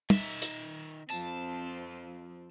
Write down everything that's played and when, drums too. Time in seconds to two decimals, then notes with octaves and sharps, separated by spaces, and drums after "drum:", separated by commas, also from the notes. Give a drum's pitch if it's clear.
0.10 D#3 E5, drum: tom
0.42 drum: hi-hat
1.10 F2 F3 C4 A5, drum: tambourine